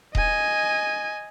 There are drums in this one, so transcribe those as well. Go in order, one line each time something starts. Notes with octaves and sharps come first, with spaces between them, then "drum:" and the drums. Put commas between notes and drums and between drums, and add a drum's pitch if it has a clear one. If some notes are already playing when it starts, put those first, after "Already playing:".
D#5 G#5, drum: kick D#1